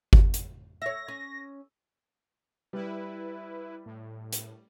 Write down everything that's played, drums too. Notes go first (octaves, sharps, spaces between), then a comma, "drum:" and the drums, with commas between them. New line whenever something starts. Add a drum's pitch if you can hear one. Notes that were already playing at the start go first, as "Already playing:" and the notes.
drum: kick G1
drum: hi-hat
C#5 E5 A#6
C#4
G3 E4 B4
A2
drum: hi-hat